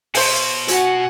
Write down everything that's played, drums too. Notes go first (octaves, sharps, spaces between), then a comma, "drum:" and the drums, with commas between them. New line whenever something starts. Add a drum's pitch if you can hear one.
B2 G#4 C5, drum: open hi-hat
F#4 F#5 G#5, drum: hi-hat